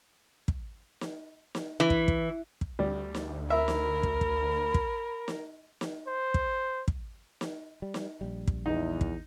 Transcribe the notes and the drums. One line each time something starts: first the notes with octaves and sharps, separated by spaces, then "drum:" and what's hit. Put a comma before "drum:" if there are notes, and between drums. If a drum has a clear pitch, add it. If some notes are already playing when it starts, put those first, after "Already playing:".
drum: kick
drum: snare
drum: snare
E3
drum: kick
drum: kick
drum: kick
D2 G3
drum: snare
A#4 E5 B5
drum: snare
drum: kick
drum: kick
drum: kick
drum: snare
drum: snare
C5
drum: kick
drum: kick
drum: snare
G3
drum: snare
A#1 G3
drum: kick
E2 D#4
drum: kick